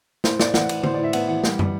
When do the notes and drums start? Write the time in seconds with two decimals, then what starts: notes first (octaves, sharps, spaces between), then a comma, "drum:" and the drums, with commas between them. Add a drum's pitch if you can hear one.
0.24 A2 C5, drum: snare
0.40 A2 D5, drum: snare
0.54 E3 F#5, drum: snare
0.69 A2, drum: cymbal
0.84 A2 C5, drum: tom D3
0.94 A2 D5
1.04 E5
1.13 B3 F#5, drum: cymbal
1.28 E3 F#5
1.44 G3, drum: snare
1.59 G3, drum: tom